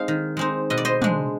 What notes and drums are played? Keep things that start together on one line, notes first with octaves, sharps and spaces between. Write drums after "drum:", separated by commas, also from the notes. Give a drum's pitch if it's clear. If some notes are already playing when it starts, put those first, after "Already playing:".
Already playing: G#3 C4 D#4 F5
D#3
G#3 C4 D#4
B2 D#5
D5
C5 D#5
G#3 D4, drum: tom